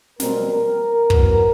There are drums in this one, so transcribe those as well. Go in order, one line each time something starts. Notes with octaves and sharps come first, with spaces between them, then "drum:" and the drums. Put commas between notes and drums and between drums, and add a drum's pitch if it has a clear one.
B2 G3 C4 A#4, drum: snare
A2 F#3 B3, drum: kick